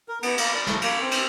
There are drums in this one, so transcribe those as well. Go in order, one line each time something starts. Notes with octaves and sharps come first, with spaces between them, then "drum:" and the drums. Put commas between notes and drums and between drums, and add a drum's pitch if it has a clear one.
A#4
B3, drum: cymbal
A#3, drum: cymbal
D5
A3, drum: snare
A#3, drum: cymbal
C4
drum: cymbal